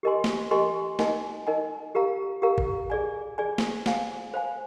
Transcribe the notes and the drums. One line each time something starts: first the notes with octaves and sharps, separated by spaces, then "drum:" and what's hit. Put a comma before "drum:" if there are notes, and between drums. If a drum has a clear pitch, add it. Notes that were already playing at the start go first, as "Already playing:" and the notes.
G4 A#4 D#5 G#5 C6
drum: snare
G4 A#4 D#5 G#5 C6
D#4 A#4 D#5 G#5, drum: snare
D#4 A#4 D#5 G#5
G4 A#4 F5 A#5
G4 A#4 F5 A#5
drum: kick G#1
G#4 D5 G#5
G#4 D5 G#5
drum: snare
C5 F5 G#5, drum: snare
C5 F5 G#5